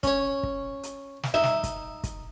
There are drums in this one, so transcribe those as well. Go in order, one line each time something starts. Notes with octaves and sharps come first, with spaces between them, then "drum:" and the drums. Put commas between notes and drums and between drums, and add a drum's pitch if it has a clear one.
C#4 C#5, drum: kick, hi-hat
drum: kick
drum: hi-hat
drum: snare
D#4 E5
drum: snare
drum: kick, hi-hat
drum: kick, hi-hat